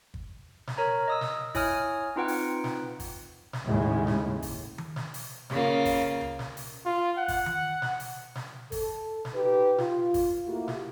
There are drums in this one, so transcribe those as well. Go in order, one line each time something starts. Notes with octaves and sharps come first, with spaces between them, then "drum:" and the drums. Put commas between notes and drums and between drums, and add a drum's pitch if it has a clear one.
drum: kick G1
drum: snare
A#4 C#5 A#5
D#5 D#6 E6
drum: snare
E4 C#5 G#5 D#6 F6, drum: kick G1, open hi-hat
C4 D#4 F4 B4 F#5 G5
drum: open hi-hat
drum: snare
drum: kick G1, open hi-hat
drum: snare
D#2 A2 C#3 G#3
drum: snare
drum: kick G1, open hi-hat
drum: tom D#3
drum: snare
drum: open hi-hat
C#3 A#3 F4, drum: snare
drum: kick G1, open hi-hat
drum: tom C#2
drum: snare
drum: open hi-hat
F4
F#5
drum: kick G1, open hi-hat
drum: tom D#3
drum: snare
drum: open hi-hat
drum: snare
A4, drum: kick G1, open hi-hat
drum: snare
D#4 G4 B4
F4, drum: snare
drum: kick G1, open hi-hat
A3 A#3 E4 F#4 G4
drum: snare